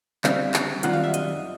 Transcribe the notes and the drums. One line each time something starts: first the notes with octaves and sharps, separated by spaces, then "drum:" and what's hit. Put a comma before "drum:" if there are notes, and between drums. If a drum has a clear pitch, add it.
D3 G3 C4 E4 F5, drum: clap
drum: clap
F#2 D#3 G3 C4 F4 F#5, drum: hi-hat
F5
E5
D#5, drum: hi-hat